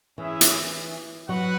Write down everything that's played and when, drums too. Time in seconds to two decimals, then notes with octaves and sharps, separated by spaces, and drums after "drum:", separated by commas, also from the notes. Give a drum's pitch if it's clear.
0.18 E3 C#4 E4 G#4 E5
0.41 drum: hi-hat
1.28 F#3 F#4 B4 F#5